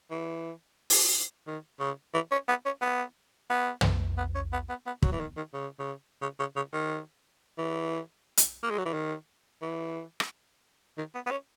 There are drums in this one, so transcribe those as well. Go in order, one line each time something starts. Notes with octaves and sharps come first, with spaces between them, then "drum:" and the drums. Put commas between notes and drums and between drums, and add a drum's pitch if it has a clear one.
E3
drum: open hi-hat
D#3
C#3
E3
C#4
B3
C#4
B3
B3
drum: tom
B3
C#4
B3
B3
B3
F#3, drum: kick
E3
D#3
D#3
C#3
C#3
C#3
C#3
C#3
D#3
E3
drum: hi-hat
A#3
G#3
F#3
E3
D#3
E3
drum: rim click
D#3
B3
B3
C#4